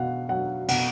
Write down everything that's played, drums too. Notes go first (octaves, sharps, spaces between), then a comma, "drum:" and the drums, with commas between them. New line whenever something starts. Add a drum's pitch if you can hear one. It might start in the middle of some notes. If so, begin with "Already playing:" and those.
Already playing: B2 F5 F#5
F#3 F#5
B2 F#5, drum: cymbal